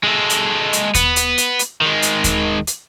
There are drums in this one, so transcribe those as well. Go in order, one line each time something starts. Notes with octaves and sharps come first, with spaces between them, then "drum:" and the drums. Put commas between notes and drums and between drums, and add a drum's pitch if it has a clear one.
G#3 A4
drum: hi-hat
drum: hi-hat
B3, drum: kick D#2, hi-hat
drum: hi-hat
drum: hi-hat
drum: hi-hat
D#3 G#3
drum: hi-hat
drum: kick D#2, hi-hat
drum: hi-hat